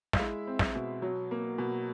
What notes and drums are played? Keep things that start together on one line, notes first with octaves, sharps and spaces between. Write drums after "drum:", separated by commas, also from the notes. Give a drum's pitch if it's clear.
F5, drum: snare
G#3 E4 E5
C4
drum: snare
B2
F#3
A#3
B2